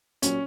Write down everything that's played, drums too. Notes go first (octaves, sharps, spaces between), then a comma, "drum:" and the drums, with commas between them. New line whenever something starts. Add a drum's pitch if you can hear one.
A#2 F#3 C#4, drum: hi-hat